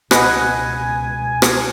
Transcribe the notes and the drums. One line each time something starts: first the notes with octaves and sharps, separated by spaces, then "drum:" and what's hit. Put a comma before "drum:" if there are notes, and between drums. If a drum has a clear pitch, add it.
C#2 B2 B4 D#5 F#5 G#5, drum: rim click
drum: rim click